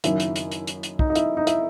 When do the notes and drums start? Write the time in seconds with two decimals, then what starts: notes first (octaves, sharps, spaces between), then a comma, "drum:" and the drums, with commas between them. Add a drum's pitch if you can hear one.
0.04 F#1 F#2 D#3 E4, drum: hi-hat
0.20 drum: hi-hat
0.36 drum: hi-hat
0.52 drum: hi-hat
0.67 drum: hi-hat
0.83 drum: hi-hat
0.99 D#4, drum: kick
1.10 D#4
1.15 E4, drum: hi-hat
1.37 D#4
1.47 E4, drum: hi-hat